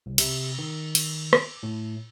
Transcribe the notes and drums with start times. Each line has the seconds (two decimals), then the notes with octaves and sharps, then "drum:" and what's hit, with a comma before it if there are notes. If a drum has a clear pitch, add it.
0.06 C2
0.18 C3, drum: cymbal
0.58 D#3
0.95 drum: cymbal
1.33 D6, drum: rim click
1.63 A2